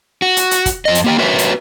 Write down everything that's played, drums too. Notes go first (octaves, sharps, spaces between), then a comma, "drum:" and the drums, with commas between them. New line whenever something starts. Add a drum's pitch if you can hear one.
F#4
drum: hi-hat
drum: hi-hat
drum: kick, hi-hat
F2 D#5
drum: hi-hat
A#3 G4 G5
F#4 A#4 B4 C#5 E5
drum: hi-hat